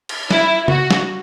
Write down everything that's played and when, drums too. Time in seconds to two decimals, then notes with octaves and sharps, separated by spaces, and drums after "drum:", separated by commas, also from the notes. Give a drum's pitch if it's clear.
0.09 drum: cymbal
0.31 E4, drum: snare
0.68 F#4, drum: tom C#3
0.91 drum: snare